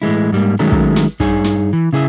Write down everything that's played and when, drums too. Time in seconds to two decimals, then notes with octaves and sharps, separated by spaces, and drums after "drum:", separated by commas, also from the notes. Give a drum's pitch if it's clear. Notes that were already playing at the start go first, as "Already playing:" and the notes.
0.02 A2 E3 G#3 E4
0.32 G#2 G3 A#3
0.59 D#3 F#3 G#3 A3 C#4 A#4
0.72 drum: kick
0.96 drum: snare
1.20 G2 D#4 G#4 C#5 G#5, drum: kick
1.44 drum: snare
1.73 E3
1.93 C#3 E4 G#4 D5 E5